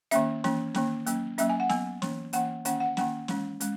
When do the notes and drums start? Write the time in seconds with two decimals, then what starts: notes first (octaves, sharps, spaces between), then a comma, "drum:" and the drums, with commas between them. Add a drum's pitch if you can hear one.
0.11 D#3 A#3 C#4 E5, drum: hi-hat
0.44 E3 A#3 C#4, drum: snare
0.74 D#3 A#3 C#4, drum: snare
1.06 F#3 A#3 C#4, drum: hi-hat
1.38 F#3 A#3 C#4 E5, drum: hi-hat
1.50 G#5
1.60 F#5
1.69 F#3 B3 G#5, drum: snare
2.02 E3 A#3 C#4, drum: snare
2.33 E3 A#3 C#4 F#5, drum: hi-hat
2.65 D#3 A#3 C#4 F#5, drum: hi-hat
2.80 F#5
2.97 D#3 A#3 C#4 F#5, drum: snare
3.28 E3 G#3 C#4, drum: snare
3.61 G#3 C#4, drum: hi-hat